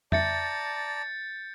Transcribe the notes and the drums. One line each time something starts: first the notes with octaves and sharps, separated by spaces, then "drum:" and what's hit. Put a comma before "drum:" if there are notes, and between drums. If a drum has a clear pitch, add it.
D5 E5 A5 A#5 G6 A6 C#7, drum: tom F2